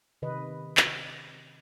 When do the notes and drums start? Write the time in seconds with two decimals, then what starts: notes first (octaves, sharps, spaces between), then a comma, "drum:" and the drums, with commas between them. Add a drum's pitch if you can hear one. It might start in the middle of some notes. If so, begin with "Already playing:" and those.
0.22 C3 D#3 B4 D#5
0.77 drum: clap